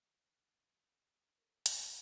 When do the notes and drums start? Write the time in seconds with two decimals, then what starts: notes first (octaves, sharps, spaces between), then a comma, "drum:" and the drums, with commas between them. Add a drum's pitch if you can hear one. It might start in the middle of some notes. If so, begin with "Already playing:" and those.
1.38 A4 A#4
1.66 F5, drum: hi-hat